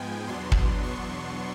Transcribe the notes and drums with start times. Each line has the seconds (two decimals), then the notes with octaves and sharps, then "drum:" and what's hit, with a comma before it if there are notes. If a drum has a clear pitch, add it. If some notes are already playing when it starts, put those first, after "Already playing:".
Already playing: G#2 F3 G#3 B3 G5 G#5
0.27 E2 B2 F#3 B3 D4 C6
0.52 drum: kick
0.83 C#6